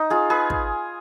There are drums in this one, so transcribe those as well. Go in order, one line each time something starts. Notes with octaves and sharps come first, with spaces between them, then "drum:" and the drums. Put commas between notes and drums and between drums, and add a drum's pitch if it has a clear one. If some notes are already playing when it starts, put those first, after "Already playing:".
Already playing: D#4
F4 G#4
G#4 B4
drum: kick